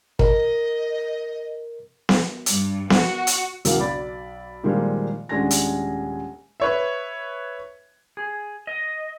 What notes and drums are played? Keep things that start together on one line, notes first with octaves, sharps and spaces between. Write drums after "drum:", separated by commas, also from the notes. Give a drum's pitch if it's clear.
A#4 D#5, drum: kick
drum: snare B3
G2, drum: hi-hat
F#4, drum: snare B3
drum: hi-hat
B1 E2 C#3 F#3 A#3, drum: hi-hat
B1 D5 B5 A6
A#2 D#3 F3 G3 G#3 A#3
D#1 G#3 C#4 D4 G#5 A#6
drum: hi-hat
B4 C#5 E5
G#4
D#5